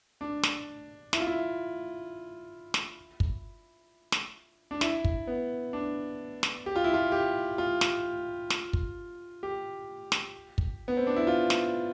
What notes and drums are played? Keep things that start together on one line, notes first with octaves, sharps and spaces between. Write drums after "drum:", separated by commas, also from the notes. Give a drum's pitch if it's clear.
D4
drum: snare
E4, drum: snare
F4
E4
drum: snare
drum: kick
drum: snare
D4
E4, drum: snare
drum: kick
B3
D4
drum: snare
G4
F4
E4
F4
G4
F4
drum: snare
drum: snare
drum: kick
G4
drum: snare
drum: kick
B3
C4
D4
E4
F4
drum: snare